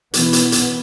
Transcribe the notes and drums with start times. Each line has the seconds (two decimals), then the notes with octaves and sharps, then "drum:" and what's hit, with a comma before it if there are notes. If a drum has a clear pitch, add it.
0.14 B2 E3 B3, drum: hi-hat
0.33 drum: hi-hat
0.52 drum: hi-hat